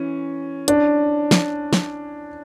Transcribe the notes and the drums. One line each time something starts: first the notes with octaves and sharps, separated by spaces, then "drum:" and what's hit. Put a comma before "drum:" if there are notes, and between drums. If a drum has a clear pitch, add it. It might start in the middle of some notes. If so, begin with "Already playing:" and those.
Already playing: E3 C#4
D4, drum: hi-hat
drum: snare
drum: snare